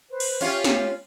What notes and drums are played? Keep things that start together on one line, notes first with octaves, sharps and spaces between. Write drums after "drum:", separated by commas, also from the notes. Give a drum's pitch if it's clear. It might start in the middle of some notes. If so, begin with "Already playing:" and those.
B4 C5
drum: cymbal
C#4 F4 G4 E5, drum: open hi-hat
drum: snare